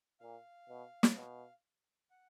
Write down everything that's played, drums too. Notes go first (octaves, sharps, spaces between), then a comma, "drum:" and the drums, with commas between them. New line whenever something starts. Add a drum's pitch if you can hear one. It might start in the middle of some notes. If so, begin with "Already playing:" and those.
A#2 F5
B2
drum: snare
B2
F#5